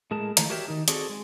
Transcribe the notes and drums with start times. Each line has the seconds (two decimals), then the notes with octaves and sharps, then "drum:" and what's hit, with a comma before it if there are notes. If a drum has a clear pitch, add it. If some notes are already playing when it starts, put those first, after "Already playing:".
0.11 A2 G#3 G#4 A#4 A5
0.37 D#3 E3 A3 A#5, drum: hi-hat
0.50 F#4 G4 A#4 C#5 E5 G5
0.68 D#3 D#4
0.88 C4 F#4 G#4 A4 D5, drum: hi-hat
1.09 G#3